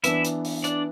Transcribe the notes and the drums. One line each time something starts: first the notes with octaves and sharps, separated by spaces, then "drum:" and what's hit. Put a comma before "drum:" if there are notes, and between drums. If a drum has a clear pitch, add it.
E3 B3 D4 E4 E5, drum: hi-hat
drum: hi-hat
drum: open hi-hat
D4 D5, drum: hi-hat